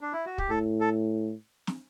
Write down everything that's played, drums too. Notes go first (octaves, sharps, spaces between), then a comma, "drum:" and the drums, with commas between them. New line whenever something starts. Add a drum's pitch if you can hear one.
D4
E4
F#4
G4, drum: kick
A2 A4
A4
drum: snare